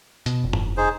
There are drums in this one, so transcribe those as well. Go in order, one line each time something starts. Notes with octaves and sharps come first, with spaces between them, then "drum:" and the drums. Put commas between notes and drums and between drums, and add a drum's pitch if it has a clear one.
B2, drum: hi-hat
F1
drum: tom
D#4 G#4 C5